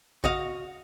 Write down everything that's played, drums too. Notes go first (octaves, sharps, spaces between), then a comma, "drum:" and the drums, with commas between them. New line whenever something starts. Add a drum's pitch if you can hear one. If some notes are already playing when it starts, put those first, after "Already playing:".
F#4 D#5 F5, drum: kick A#1